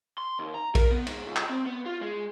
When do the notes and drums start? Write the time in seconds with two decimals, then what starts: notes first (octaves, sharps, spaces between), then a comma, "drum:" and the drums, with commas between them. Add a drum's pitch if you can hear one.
0.18 C6
0.39 D#2
0.54 A#5
0.75 A#4, drum: kick A#1, cymbal
0.91 B3
1.07 G#2, drum: cymbal
1.26 C#2
1.36 drum: clap
1.50 C4
1.66 B3
1.86 F4
2.01 G#3